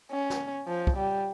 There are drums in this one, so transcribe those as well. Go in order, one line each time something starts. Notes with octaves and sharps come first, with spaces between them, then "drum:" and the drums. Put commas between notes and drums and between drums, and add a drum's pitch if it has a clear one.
C#4
drum: snare
F3
drum: kick
G3